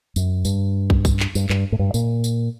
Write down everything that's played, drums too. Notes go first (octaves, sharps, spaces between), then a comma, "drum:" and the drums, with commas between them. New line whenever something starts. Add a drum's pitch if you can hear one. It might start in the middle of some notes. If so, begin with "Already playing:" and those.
F#2, drum: tambourine
G2, drum: tambourine
drum: kick
drum: kick, tambourine
drum: clap
G2, drum: tambourine
G2, drum: clap
A2
G2
A#2, drum: tambourine
drum: tambourine